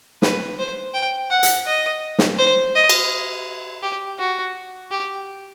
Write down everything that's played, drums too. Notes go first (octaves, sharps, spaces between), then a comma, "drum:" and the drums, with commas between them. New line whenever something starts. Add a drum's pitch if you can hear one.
B4, drum: snare
C5
G5
F#5
drum: hi-hat
D#5
drum: snare
C5
D#5
drum: cymbal
G4
F#4
G4